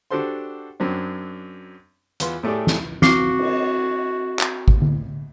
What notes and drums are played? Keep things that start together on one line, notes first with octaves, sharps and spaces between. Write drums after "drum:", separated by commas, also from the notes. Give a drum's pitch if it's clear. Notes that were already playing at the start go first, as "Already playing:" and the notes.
D4 F#4 G4 A4 C5 C6
F#2 F#3 C4 D4
E2 B3 F4 C6, drum: hi-hat
A2 A3 G4 G#4 D5
drum: snare
C4 F#4 D6 C7, drum: snare
drum: cymbal
drum: clap
drum: kick
drum: tom D3